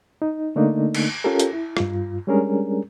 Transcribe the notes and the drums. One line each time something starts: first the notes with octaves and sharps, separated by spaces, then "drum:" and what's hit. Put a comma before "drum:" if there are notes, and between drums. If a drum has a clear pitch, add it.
D#4
D3 A3 A#3 D4 D#4
drum: cymbal
C#4 F4 G4 A4 A#4
drum: hi-hat
E4
G2 F4, drum: rim click
G3 G#3 C#4 D4 G#4 A#4